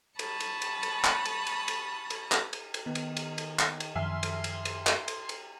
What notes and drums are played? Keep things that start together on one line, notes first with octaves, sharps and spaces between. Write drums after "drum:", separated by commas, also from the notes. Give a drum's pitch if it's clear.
A5 B5 C#6 D#6, drum: cymbal
drum: cymbal
drum: cymbal
drum: cymbal
drum: clap
drum: cymbal
drum: cymbal
drum: cymbal
drum: cymbal
drum: clap
drum: cymbal
drum: cymbal
D#3 B3
drum: cymbal
drum: cymbal
drum: cymbal
drum: clap
drum: cymbal
F#2 D#3 F3 E5 G#5 C6 F6
drum: cymbal
drum: cymbal
drum: cymbal
drum: clap
drum: cymbal
drum: cymbal